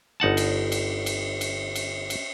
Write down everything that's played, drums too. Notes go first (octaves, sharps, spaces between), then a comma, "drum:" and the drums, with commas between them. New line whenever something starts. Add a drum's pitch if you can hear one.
G1 D#4 F#5 A5
drum: cymbal
drum: cymbal
drum: cymbal
drum: cymbal
drum: cymbal
drum: cymbal